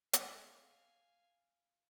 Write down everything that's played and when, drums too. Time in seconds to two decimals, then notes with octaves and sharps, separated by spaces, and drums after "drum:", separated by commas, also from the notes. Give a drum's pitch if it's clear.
0.13 F5 G#5, drum: hi-hat